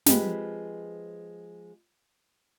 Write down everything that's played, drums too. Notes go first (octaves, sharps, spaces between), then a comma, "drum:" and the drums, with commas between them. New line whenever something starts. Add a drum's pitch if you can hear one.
F3 G#3 C4 G4 B4, drum: snare